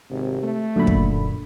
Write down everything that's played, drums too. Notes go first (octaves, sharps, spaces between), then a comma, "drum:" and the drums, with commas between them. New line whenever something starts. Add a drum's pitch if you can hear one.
G#1 C3
A3
F#2 A#2 D3 B5
drum: kick